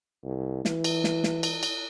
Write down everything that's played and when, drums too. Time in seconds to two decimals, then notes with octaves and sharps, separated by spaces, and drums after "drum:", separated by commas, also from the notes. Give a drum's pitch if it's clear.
0.24 C2
0.65 E3, drum: snare
0.84 drum: cymbal
1.04 drum: snare
1.24 drum: snare
1.43 drum: cymbal
1.63 drum: cymbal